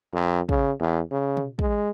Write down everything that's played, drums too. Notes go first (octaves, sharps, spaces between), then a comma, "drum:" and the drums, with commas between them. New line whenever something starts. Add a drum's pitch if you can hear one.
F2
C#3, drum: kick
E2
C#3
drum: tom
G#3, drum: kick